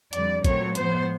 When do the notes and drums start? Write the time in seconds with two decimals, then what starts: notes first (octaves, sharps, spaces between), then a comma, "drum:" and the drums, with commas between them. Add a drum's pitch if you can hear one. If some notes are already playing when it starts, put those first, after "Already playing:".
0.13 F2 D3 G3 D5, drum: hi-hat
0.44 A#2 F#3 A3 C4 C#5, drum: kick, hi-hat
0.75 A2 F3 G#3 B3 C5, drum: hi-hat